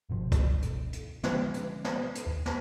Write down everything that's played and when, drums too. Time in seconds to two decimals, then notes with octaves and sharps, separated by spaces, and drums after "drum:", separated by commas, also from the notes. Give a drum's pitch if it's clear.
0.09 G1 B2 F3
0.32 drum: kick, hi-hat
0.62 drum: hi-hat
0.93 drum: hi-hat
1.23 D3 F3 G#3 C#4, drum: snare
1.54 drum: hi-hat
1.84 drum: snare
2.15 drum: hi-hat
2.27 D#2
2.46 drum: snare